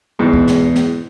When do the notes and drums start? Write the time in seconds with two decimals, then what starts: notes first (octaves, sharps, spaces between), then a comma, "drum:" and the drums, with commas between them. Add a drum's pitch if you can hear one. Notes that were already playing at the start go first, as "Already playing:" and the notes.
0.19 E2 G#2 B2
0.33 drum: kick C#2
0.47 drum: snare
0.76 drum: snare